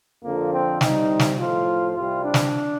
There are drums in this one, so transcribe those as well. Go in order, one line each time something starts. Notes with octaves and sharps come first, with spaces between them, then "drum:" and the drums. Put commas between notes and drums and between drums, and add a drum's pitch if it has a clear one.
F2 D3 F3 A#3
C4
C2 C3 G3 D#4, drum: snare
drum: snare
A2 F3 F4
C2 C3 G3 F4
D4
drum: snare